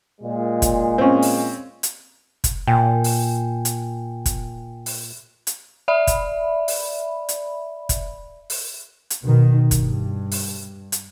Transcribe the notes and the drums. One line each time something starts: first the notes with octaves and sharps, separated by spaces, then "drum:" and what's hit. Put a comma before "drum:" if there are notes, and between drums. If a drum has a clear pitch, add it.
A#2 G#3
drum: kick, hi-hat
C4 C#4
drum: open hi-hat
drum: hi-hat
drum: kick, hi-hat
A#2 G5 G#5
drum: open hi-hat
drum: hi-hat
drum: kick, hi-hat
drum: open hi-hat
drum: hi-hat
D5 E5 B5
drum: kick, hi-hat
drum: open hi-hat
drum: hi-hat
drum: kick, hi-hat
drum: open hi-hat
drum: hi-hat
B2 D#3
G2, drum: kick, hi-hat
drum: open hi-hat
drum: hi-hat